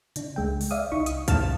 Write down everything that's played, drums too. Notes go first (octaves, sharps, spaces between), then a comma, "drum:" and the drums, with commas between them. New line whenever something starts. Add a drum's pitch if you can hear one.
C#3 D4, drum: hi-hat
C#2 G#3 G5
drum: open hi-hat
D5 E5 F5 D#6
C2 D#4 C#6
D#6, drum: hi-hat
F5 A5 F6 A6 E7, drum: kick B1, hi-hat